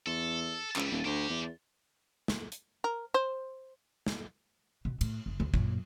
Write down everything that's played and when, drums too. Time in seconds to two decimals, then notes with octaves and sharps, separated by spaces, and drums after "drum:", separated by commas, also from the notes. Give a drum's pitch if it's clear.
0.06 E2 A4
0.76 C#2 E3 G3, drum: clap
0.91 D#1
1.06 D2 D4 G4
1.29 E2
2.28 drum: snare
2.52 drum: hi-hat
2.84 A#4
3.14 C5
4.06 drum: snare
4.85 B2
5.01 A2, drum: cymbal
5.26 F#1
5.40 D2
5.54 F#2 A#2, drum: kick